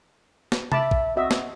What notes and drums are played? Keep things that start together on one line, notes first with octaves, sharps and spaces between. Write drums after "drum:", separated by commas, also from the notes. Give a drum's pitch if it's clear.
drum: snare
E5 A5 B5 D6, drum: tom C3
drum: kick A#1
C4 F#4 D#5 E5
drum: snare